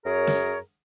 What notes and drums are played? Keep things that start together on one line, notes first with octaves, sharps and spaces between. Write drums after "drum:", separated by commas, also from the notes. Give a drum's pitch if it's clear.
F#2 G#4 A#4 C#5
drum: snare